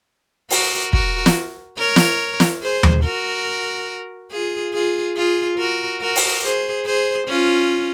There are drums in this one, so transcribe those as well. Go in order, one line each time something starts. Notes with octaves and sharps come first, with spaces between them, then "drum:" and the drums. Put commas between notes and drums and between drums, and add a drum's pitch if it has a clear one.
F#4 A#4, drum: open hi-hat
F#4 A#4, drum: kick
drum: snare
A#4 C#5
drum: snare
drum: snare
G#4 C5
drum: tom D#2
F#4 A#4
F4 G#4
F4 G#4
F4 G#4
F#4 A#4
F#4 A#4
drum: open hi-hat
G#4 C5
G#4 C5
C#4 F4